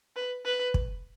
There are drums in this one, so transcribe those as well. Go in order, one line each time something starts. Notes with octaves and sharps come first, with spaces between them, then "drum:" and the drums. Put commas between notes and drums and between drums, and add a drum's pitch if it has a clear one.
B4
B4
drum: kick